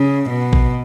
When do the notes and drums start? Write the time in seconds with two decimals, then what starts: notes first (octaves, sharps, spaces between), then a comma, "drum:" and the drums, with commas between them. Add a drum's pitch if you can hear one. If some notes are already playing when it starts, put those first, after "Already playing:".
Already playing: C#3
0.30 B2
0.53 drum: kick A1